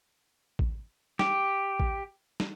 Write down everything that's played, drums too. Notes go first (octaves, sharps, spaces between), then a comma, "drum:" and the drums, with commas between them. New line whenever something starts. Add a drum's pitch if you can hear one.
drum: kick A1
G4, drum: snare
drum: kick A1
drum: snare